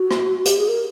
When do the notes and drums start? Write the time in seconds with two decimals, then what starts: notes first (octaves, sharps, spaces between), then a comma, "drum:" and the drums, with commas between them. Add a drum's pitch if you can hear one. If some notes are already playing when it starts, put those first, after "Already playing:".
Already playing: F#4
0.11 drum: rim click
0.45 G4, drum: hi-hat
0.58 G#4
0.68 A#4